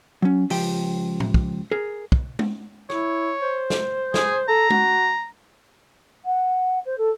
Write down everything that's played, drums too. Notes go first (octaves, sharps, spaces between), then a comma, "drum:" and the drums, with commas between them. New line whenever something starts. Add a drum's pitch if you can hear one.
F#3 C#4
C#2 F3 G4 G5, drum: open hi-hat
drum: tom A2
drum: kick
G#4 A#4
drum: kick
drum: tom G#3
E4 C#5, drum: rim click
C5
drum: snare
G#4, drum: snare
A4 A#5
F#4, drum: tom G#3
F#5
C5
A4